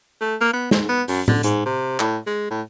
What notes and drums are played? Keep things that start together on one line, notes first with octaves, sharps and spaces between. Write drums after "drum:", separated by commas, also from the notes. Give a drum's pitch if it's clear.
A3
A#3
B3
G#2, drum: snare
B3
F#2, drum: open hi-hat
D3, drum: tom
G#2, drum: hi-hat
C3
A2, drum: clap
G#3
A2